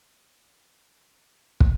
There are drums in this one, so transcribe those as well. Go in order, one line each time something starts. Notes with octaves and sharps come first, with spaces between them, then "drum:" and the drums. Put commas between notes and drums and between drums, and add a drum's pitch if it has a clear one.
C3 B3 F#4 G#4 C5
G2 C3 C4 C#4 F#4
C#3 G3 B3 F#5 G#6
drum: kick